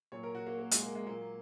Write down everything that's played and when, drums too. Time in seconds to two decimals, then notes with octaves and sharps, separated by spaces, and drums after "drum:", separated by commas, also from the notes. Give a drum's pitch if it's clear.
0.12 A#2 F#3 C#5
0.23 A#4
0.35 F#4
0.47 A#3
0.59 A#3
0.71 G#3, drum: hi-hat
0.83 A#3
0.95 G#3
1.06 A#2 F#3 A#3